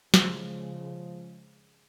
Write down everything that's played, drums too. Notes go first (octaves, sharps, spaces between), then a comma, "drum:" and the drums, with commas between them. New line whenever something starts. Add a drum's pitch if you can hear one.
C#3 F3 G#3, drum: snare